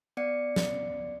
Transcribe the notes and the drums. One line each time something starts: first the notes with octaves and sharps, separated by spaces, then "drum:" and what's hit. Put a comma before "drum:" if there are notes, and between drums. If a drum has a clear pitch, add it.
B3 D5 F#5 C#7
drum: snare